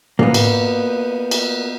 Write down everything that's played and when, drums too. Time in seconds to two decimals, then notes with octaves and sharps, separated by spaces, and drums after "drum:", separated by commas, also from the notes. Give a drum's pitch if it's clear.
0.19 A#3 B3, drum: tom
0.34 drum: cymbal
1.31 drum: cymbal